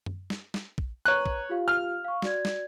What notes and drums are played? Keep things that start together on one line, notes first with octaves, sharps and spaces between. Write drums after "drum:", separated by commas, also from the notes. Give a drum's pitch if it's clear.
drum: tom F#2
drum: snare
drum: snare
drum: kick A#1
B4 C#5 A#5 F#6 D#7
drum: kick A#1
F4 G4 F5
F6
F5 C#6
F#4 D5 G#6, drum: snare
drum: snare